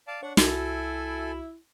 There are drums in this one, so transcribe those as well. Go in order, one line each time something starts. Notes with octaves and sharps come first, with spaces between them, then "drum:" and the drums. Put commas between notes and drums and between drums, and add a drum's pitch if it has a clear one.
D5 F5 A5
D4 C#5 F#5
C2 E4 F#4 A4 G#5, drum: snare